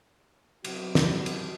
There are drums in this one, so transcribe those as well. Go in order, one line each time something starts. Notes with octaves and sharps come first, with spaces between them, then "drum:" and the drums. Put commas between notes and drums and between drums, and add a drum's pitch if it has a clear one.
C3 F#3 B3 D#4 F#4, drum: cymbal
drum: snare
drum: cymbal